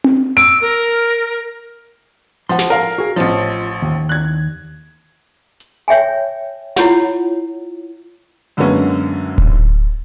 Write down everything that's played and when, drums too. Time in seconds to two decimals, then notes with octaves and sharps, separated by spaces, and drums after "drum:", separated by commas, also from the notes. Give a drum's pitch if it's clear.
0.04 drum: tom C4
0.37 E6 D7
0.61 A#4
2.49 F3 F#5 C6
2.59 drum: snare
2.70 A#4 F5
2.98 F#4 G#4
3.16 A1 F3 F4 C#5 D#5
3.82 D#2
4.09 F#6 G#6
5.60 drum: hi-hat
5.88 C#5 E5 G5 G#5
6.76 E4 F4 C#5 F#5, drum: snare
8.57 F#2 D3 G#3 A#3 B3 C#4
9.38 drum: kick D1